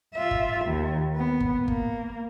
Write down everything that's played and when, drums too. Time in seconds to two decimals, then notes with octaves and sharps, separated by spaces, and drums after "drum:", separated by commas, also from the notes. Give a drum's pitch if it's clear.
0.14 F4 E5
0.31 drum: kick G1
0.65 D#2
1.16 B3
1.40 drum: kick G1
1.68 A#3, drum: kick G1